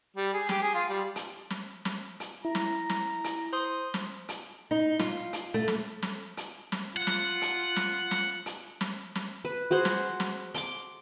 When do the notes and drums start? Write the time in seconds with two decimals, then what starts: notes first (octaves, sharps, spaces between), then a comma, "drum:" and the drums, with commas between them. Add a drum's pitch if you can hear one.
0.17 G3
0.34 G#4
0.49 G4, drum: snare
0.62 G#4
0.75 F4
0.89 G3
1.16 drum: hi-hat
1.50 drum: snare
1.85 drum: snare
2.20 drum: hi-hat
2.45 E4 A#5
2.55 drum: snare
2.89 drum: snare
3.24 drum: hi-hat
3.53 C5 C6 D#6
3.94 drum: snare
4.29 drum: hi-hat
4.71 D#4
4.99 F4, drum: snare
5.33 drum: hi-hat
5.54 A3
5.68 drum: snare
6.02 drum: snare
6.37 drum: hi-hat
6.72 drum: snare
6.97 F4 F#5
7.07 drum: snare
7.42 drum: hi-hat
7.76 drum: snare
8.11 drum: snare
8.46 drum: hi-hat
8.81 drum: snare
9.15 drum: snare
9.45 B4
9.71 F#4 G#4 C5 F#5
9.85 drum: snare
10.20 drum: snare
10.55 C6 D6, drum: hi-hat